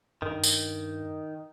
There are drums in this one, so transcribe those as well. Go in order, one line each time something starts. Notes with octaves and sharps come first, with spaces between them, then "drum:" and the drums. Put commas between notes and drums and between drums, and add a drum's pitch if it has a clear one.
G2 D#3
drum: tambourine